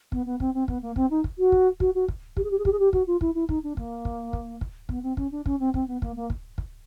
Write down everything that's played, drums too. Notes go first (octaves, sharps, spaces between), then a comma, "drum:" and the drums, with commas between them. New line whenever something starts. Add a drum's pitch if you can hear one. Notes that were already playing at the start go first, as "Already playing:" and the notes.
B3, drum: kick
B3
C4, drum: kick
C4
B3, drum: kick
A#3
C4, drum: kick
D#4
drum: kick
F#4
drum: kick
F#4, drum: kick
F#4
drum: kick
G4, drum: kick
G#4
G4
G#4
G4, drum: kick
G#4
G4
F#4, drum: kick
F4
E4, drum: kick
E4
D#4, drum: kick
D4
A#3, drum: kick
drum: kick
drum: kick
drum: kick
B3, drum: kick
C4
C#4, drum: kick
D4
C#4, drum: kick
C4
C4, drum: kick
B3
A#3, drum: kick
A#3
drum: kick
drum: kick